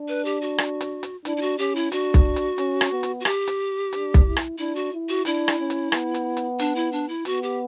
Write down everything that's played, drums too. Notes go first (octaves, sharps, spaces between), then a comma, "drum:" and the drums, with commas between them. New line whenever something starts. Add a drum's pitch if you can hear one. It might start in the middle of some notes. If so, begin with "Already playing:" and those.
Already playing: D4
B4
G4
F#4
drum: rim click
drum: hi-hat
drum: hi-hat
D4 E4, drum: hi-hat
E4
F#4
C#4 G4
E4
D4 F#4, drum: hi-hat
drum: kick B1, hi-hat
drum: hi-hat
C#4, drum: hi-hat
drum: rim click
B3
drum: hi-hat
F#4
G4, drum: rim click
drum: hi-hat
D4, drum: hi-hat
drum: kick B1, hi-hat
E4
drum: rim click
D4 E4
F#4
E4
F#4
D4 E4, drum: hi-hat
drum: rim click
C#4
drum: hi-hat
B3, drum: rim click
drum: hi-hat
drum: hi-hat
D4, drum: hi-hat
E4
D4
E4
B3 F#4, drum: hi-hat
G4